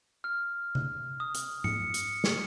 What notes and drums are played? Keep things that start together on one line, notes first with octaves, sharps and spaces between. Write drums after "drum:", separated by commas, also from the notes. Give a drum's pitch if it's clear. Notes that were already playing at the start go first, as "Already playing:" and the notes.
F6
drum: tom C3
D#6
drum: hi-hat
C#7, drum: tom G#2
drum: hi-hat
drum: snare